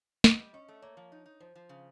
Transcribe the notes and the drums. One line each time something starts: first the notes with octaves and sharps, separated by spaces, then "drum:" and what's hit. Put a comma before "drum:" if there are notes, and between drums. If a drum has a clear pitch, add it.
B3 D#5, drum: snare
G3
C#4 D#5
A3
A#3 C#5
F3
D#4
D#4
F3 C5
F3
C#3